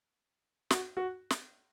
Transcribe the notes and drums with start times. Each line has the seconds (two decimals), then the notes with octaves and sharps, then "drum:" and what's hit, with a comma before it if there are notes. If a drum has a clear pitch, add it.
0.70 F#4, drum: snare
0.97 F#4
1.30 drum: snare